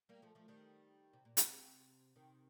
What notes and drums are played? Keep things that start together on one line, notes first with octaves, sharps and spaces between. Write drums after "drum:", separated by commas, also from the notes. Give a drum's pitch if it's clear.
G3 A#3
F3 A3
F3 A3
D#3 G3
C3
A#2
C3, drum: hi-hat
C3 D#3